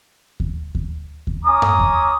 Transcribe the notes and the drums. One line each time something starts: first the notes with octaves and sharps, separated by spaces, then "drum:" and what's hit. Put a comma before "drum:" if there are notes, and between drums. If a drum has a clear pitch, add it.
drum: kick D#2
drum: kick D#2
drum: kick D#2
C#4 G#5 A#5 D6 D#6
drum: tom F#2
drum: kick D#2